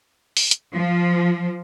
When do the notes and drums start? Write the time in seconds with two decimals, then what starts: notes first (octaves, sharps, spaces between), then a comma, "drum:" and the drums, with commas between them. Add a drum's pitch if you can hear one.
0.37 drum: open hi-hat
0.51 drum: hi-hat
0.75 F3